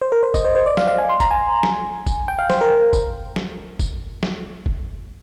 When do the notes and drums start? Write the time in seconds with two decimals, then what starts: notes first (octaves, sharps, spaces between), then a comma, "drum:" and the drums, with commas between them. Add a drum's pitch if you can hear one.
0.01 C5
0.12 A#4
0.23 C5
0.34 D#5, drum: kick, tambourine
0.45 C5
0.55 C5
0.66 D5
0.77 F5, drum: snare
0.88 F5
0.98 G#5
1.09 C6
1.20 A#5, drum: kick, tambourine
1.31 G#5
1.63 drum: snare
2.06 drum: kick, tambourine
2.28 G5
2.39 F5
2.50 C5, drum: snare
2.61 A#4
2.93 drum: kick, tambourine
3.36 drum: snare
3.79 drum: kick, tambourine
4.23 drum: snare
4.66 drum: kick